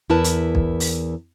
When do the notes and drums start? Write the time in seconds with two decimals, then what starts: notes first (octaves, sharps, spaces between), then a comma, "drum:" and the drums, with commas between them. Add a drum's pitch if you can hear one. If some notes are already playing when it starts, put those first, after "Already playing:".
0.10 E2 E4 A#4 B4 A5
0.24 drum: hi-hat
0.55 drum: kick B1
0.80 drum: open hi-hat